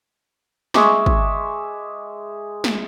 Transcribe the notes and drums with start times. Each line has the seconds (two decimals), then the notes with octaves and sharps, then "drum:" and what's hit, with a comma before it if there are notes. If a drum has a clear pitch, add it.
0.74 G#3 E5 C#6 D6, drum: snare
1.06 drum: kick
2.64 drum: snare